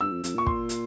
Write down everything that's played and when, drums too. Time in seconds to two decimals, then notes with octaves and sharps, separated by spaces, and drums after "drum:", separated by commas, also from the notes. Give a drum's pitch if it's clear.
0.01 G2 E6
0.12 F2
0.24 F2, drum: hi-hat
0.35 A#2 C#6
0.47 C6, drum: kick
0.69 drum: hi-hat